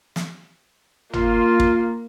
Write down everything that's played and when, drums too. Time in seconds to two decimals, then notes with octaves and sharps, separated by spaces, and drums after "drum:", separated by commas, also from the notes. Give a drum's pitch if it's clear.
0.16 drum: snare
1.13 A#3 F4, drum: tom
1.60 drum: kick